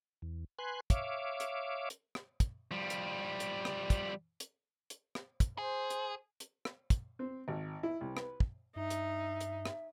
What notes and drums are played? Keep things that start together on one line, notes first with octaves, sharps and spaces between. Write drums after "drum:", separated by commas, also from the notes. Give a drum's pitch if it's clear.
E2
B4 G#5 C6 F#6
C#5 E5 F5 D6, drum: kick, hi-hat
drum: hi-hat
drum: hi-hat
drum: rim click
drum: kick, hi-hat
F3 G3
drum: hi-hat
drum: hi-hat
drum: rim click
drum: kick, hi-hat
drum: hi-hat
drum: hi-hat
drum: rim click
drum: kick, hi-hat
G#4 C5
drum: hi-hat
drum: hi-hat
drum: rim click
drum: kick, hi-hat
C4
G#1
E4
C2
B4, drum: rim click
drum: kick
G2 D#4 E5
drum: hi-hat
drum: hi-hat
drum: rim click